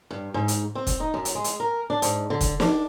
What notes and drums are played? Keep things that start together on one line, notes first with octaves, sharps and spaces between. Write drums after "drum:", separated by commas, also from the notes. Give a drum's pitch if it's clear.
G2
G#2
drum: hi-hat
C4
drum: kick E1, hi-hat
D#4
F#2
drum: hi-hat
G#3
drum: hi-hat
A#4
D4
G#2, drum: hi-hat
D3
drum: kick E1, hi-hat
D4, drum: snare